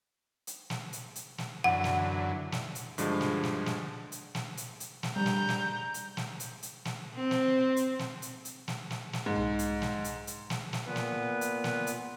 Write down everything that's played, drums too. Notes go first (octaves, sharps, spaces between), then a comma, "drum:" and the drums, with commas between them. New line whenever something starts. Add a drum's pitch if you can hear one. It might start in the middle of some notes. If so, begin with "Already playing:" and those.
drum: hi-hat
drum: snare
drum: hi-hat
drum: hi-hat
drum: snare
F#2 D3 E3 F#5
drum: snare
drum: snare
drum: hi-hat
G2 D3 F3 G#3, drum: hi-hat
drum: snare
drum: snare
drum: snare
drum: hi-hat
drum: snare
drum: hi-hat
drum: hi-hat
drum: snare
G3 A#5 G6
drum: snare
drum: snare
drum: hi-hat
drum: snare
drum: hi-hat
drum: hi-hat
drum: snare
C4
drum: snare
drum: hi-hat
drum: snare
drum: hi-hat
drum: hi-hat
drum: snare
drum: snare
drum: snare
G#2
drum: tom B1
drum: hi-hat
drum: snare
drum: hi-hat
drum: hi-hat
drum: snare
drum: snare
A#2 B3 B4
drum: snare
drum: hi-hat
drum: snare
drum: hi-hat